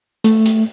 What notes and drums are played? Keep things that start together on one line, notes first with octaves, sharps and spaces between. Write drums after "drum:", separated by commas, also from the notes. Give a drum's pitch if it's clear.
A3, drum: hi-hat
drum: hi-hat